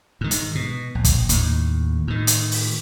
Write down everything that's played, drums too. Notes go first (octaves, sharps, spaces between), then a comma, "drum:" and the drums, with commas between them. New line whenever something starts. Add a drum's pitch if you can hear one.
G#2 D#3
drum: hi-hat
B2
A#1
drum: kick, hi-hat
D#2 A2, drum: hi-hat
A2 D#3
drum: hi-hat
drum: open hi-hat